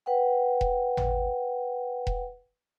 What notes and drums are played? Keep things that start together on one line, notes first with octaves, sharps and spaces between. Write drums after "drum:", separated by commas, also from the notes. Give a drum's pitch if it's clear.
B4 F#5 G5
drum: kick E1
drum: tom G#1
drum: kick E1